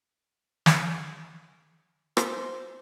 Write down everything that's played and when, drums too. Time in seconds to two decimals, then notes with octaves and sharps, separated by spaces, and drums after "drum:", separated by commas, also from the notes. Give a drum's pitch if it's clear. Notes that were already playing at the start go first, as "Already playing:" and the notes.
0.66 drum: snare
2.17 C5, drum: rim click